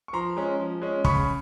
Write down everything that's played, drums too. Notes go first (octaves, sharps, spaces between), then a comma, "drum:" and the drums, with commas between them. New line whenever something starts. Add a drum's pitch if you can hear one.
C#6
F3 A#5 C6
G#3 C#4
F3
G#3 C#4
C#3 B5 C#6, drum: kick